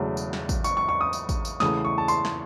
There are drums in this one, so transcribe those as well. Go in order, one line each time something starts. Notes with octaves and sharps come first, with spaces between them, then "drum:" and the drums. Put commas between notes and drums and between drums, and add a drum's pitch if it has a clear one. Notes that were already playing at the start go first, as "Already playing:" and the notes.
Already playing: E1 E2 C#3 F#3 A3
drum: tambourine
drum: snare
drum: kick A1, tambourine
C#6, drum: tambourine
C#6
C#6
D#6
drum: tambourine
drum: kick A1, tambourine
drum: tambourine
E2 C#3 E3 A3 D#6, drum: snare
C#6
A5
C6, drum: tambourine
drum: snare